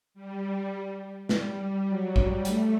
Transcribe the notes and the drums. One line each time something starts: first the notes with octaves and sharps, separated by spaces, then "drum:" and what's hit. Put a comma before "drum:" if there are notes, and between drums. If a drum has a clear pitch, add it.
G3
G3, drum: snare
G3
F#3
G3, drum: kick
A3, drum: hi-hat